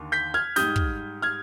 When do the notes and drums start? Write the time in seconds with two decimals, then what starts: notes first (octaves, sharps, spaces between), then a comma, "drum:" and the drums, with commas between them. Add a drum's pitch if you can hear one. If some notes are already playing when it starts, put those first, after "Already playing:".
Already playing: D#2 D3
0.12 G6 B6
0.34 F6 G#6
0.56 G#2 G3 D#6 G6, drum: snare
0.76 drum: kick
1.22 F6 G#6